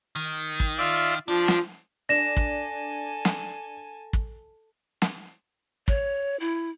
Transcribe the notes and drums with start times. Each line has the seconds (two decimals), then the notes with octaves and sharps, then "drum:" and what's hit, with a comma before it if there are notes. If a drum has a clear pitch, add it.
0.16 D#3
0.60 drum: kick
0.78 F4 D5 E5
1.28 F3 D4 F4
1.48 drum: snare
2.09 D4 A4 G#5 A#6 E7
2.37 drum: kick
3.25 drum: snare
4.13 drum: kick
5.02 drum: snare
5.88 C#5, drum: kick
6.40 E4